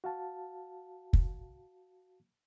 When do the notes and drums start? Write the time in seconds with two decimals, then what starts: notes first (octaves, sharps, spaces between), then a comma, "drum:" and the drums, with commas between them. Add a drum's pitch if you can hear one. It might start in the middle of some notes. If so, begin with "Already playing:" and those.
0.04 F#4 F5 A5
1.13 drum: kick